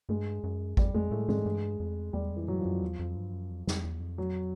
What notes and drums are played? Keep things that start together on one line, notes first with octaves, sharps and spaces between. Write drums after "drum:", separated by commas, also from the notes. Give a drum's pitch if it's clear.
G2 G#3
F#2
F2 G3, drum: kick G#1
F2 G#3
A2 A3
G#2 G#3, drum: tom
G2
F2
E2 G3
F2
E3
F#2 F#3
F3
F#2
E2
F2
G2
F#2
F2
F2, drum: snare
E2
F2
F#3